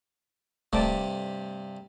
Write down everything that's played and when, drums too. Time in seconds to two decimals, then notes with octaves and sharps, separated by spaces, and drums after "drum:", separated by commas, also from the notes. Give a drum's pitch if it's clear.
0.73 G2 C3 A3 D5 A5, drum: kick